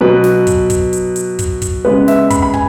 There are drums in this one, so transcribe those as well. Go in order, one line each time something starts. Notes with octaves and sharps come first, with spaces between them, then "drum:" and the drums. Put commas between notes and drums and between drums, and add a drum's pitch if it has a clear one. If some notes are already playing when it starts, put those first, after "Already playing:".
B2 F#3 B3 B4
drum: snare
drum: kick, hi-hat
drum: kick, hi-hat
drum: hi-hat
drum: hi-hat
drum: kick, hi-hat
drum: kick, hi-hat
C#3 G#3 B3 B4
E5, drum: snare
B5, drum: kick, hi-hat
B5
G#5, drum: kick